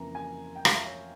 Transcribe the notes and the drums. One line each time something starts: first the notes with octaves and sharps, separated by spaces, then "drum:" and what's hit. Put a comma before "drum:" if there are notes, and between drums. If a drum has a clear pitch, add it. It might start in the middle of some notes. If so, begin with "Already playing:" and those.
Already playing: F2 C#3 E3 A#3 A#5
G#5
G5
F5, drum: rim click
E5
C#5